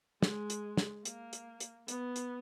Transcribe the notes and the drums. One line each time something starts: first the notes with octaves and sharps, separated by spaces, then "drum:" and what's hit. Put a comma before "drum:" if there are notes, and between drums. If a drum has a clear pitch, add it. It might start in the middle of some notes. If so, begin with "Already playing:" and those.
G#3, drum: snare
drum: hi-hat
drum: snare
A#3, drum: hi-hat
drum: hi-hat
drum: hi-hat
B3, drum: hi-hat
drum: hi-hat